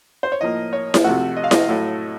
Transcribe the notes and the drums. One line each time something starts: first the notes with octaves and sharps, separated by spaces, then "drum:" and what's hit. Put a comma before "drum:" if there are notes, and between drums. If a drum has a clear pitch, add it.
C5
C#5
A2 F3 A#3 D#5
C#5
drum: snare E4
C3 F3 A3 F#4
D#5
F5
D#5, drum: snare E4
A2 F#3 A3